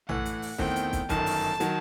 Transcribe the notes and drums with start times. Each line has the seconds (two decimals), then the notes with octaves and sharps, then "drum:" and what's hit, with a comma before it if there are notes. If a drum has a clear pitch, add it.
0.09 A2 E3 A3 F#5, drum: tom A#1
0.25 drum: hi-hat
0.42 drum: open hi-hat
0.58 E2 D#3 A3 C4 G5, drum: kick
0.76 drum: hi-hat
0.93 drum: kick, hi-hat
1.09 G1 F#2 D#3 A5, drum: kick, hi-hat
1.26 drum: open hi-hat
1.60 D#3 F#3, drum: hi-hat